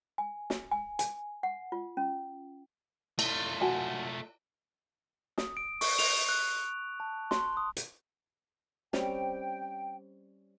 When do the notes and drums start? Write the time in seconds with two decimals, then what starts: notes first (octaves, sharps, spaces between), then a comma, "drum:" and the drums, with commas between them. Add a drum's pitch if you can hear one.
0.18 G#5
0.50 drum: snare
0.71 G#5
0.99 G#5, drum: hi-hat
1.43 F#5
1.72 F4
1.97 C#4
3.19 A3 F4, drum: cymbal
3.61 F#4 G#5 A5
5.38 D#6, drum: snare
5.57 D7
5.81 C#6, drum: open hi-hat
5.99 F7, drum: open hi-hat
6.29 F#6
7.00 A5
7.31 C6, drum: snare
7.57 D#6
7.77 drum: hi-hat
8.93 G3 C4 C#4 G5, drum: snare